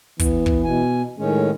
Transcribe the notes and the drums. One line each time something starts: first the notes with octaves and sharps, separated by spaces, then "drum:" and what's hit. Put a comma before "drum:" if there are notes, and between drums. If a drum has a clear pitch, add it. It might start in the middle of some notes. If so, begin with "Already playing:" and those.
E3 B3, drum: kick, hi-hat
drum: kick
B2 G#5
A2 D#3 G#3 C#4